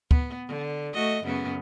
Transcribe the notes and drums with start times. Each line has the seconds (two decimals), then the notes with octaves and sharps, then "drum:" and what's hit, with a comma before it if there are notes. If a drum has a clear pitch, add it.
0.11 B3, drum: kick
0.48 D3
0.93 A3 F#4 D#5
1.23 F#2 C#3 B3